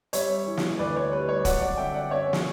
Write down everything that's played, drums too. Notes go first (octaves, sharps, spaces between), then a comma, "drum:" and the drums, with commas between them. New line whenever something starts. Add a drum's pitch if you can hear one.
G3 C#5 E5, drum: hi-hat
E3
drum: snare
D2 B4 D5
C#5
G3 B4
C#5
F#3 D5 F#5, drum: kick, hi-hat
D5 F#5
D3 E5 G5
D5 F#5
F#2 C#5 E5
drum: snare